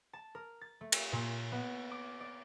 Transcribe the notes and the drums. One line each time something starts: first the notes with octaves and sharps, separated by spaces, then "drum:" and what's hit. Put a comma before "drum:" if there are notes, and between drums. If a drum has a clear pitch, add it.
A5
A#4
A6
A3
drum: cymbal
A#2
B3
D6
D5